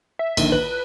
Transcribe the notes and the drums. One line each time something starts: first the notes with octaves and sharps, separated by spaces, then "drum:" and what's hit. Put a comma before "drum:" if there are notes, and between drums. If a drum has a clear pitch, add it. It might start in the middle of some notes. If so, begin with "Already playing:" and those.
E5
A#1 D3 D#3, drum: cymbal
B4 F#7